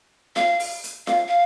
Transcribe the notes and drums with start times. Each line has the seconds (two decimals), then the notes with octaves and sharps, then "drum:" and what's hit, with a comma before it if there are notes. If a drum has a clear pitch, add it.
0.36 F5, drum: snare F4
0.60 drum: open hi-hat
0.84 drum: hi-hat
1.07 F5, drum: snare F4
1.28 F5